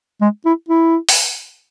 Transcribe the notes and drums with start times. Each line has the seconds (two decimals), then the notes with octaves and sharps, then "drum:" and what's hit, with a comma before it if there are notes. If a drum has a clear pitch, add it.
0.22 G#3
0.46 E4
0.69 E4
1.09 drum: open hi-hat